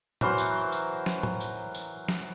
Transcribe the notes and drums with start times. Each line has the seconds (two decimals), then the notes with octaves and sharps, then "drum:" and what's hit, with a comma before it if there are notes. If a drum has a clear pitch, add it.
0.21 E3 F#3 A#4 C5, drum: tom A2
0.38 drum: tambourine
0.72 drum: tambourine
1.06 drum: snare
1.23 drum: tom A2
1.40 drum: tambourine
1.74 drum: tambourine
2.08 drum: snare